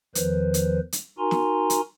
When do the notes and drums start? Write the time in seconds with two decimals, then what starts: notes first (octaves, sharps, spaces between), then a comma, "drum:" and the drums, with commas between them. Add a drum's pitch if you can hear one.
0.15 E2 D#3 F3 B4 C5, drum: hi-hat
0.54 drum: hi-hat
0.92 drum: hi-hat
1.19 D#4 F#4 A#4 G#5 A#5 C6
1.31 drum: snare
1.70 drum: hi-hat